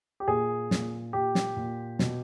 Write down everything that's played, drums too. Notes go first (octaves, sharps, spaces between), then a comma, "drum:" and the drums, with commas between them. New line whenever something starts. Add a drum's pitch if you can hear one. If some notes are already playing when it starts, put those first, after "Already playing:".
G4
A#2 G#4
A#2, drum: snare
A#2 G4
drum: snare
A#2
B2, drum: snare